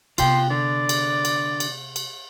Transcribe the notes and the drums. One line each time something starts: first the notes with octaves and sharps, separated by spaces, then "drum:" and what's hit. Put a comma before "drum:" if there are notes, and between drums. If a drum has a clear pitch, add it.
C3 B3 F4 G5 C6, drum: cymbal
D3 D5
drum: cymbal
drum: cymbal
drum: cymbal
drum: cymbal